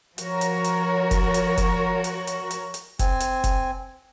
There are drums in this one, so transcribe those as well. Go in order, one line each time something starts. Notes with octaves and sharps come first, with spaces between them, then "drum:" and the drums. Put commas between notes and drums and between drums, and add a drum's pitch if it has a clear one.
F3 F#4 A#4 C#5, drum: hi-hat
drum: hi-hat
drum: hi-hat
drum: kick F1, hi-hat
drum: hi-hat
drum: kick F1, hi-hat
drum: hi-hat
drum: hi-hat
drum: hi-hat
drum: hi-hat
C4 G#5, drum: kick F1, hi-hat
drum: hi-hat
drum: kick F1, hi-hat